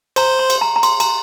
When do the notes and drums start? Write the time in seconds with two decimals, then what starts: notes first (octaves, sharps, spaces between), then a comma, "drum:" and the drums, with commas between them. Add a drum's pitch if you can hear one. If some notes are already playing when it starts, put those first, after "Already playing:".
0.16 C5 A#5, drum: cymbal
0.39 C6
0.50 drum: cymbal
0.61 A#5
0.76 A#5
0.83 C6, drum: cymbal
1.00 A#5, drum: cymbal